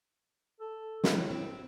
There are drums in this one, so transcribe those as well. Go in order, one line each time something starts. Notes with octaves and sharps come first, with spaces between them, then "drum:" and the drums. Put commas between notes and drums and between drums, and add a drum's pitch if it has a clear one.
A4
A2 C#3, drum: snare
C4